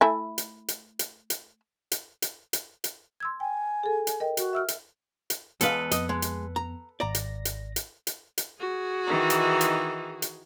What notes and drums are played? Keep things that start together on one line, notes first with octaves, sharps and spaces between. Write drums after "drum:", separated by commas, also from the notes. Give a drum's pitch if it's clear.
A3 E4 G#5
drum: hi-hat
drum: hi-hat
drum: hi-hat
drum: hi-hat
drum: hi-hat
drum: hi-hat
drum: hi-hat
drum: hi-hat
C6 E6 G#6
G5 G#5
G#4 A4
drum: hi-hat
A#4 D#5 G5
F#4, drum: hi-hat
E5 E6 F6
drum: hi-hat
drum: hi-hat
E2 G#3 A4 B4 F5, drum: hi-hat
F2 B3 D#5, drum: hi-hat
G#3
drum: hi-hat
A#5
G#1 D5 A#5 A#6
drum: hi-hat
drum: hi-hat
drum: hi-hat
drum: hi-hat
drum: hi-hat
F#4 G#4
D#3 E3 D#4
drum: hi-hat
drum: hi-hat
drum: hi-hat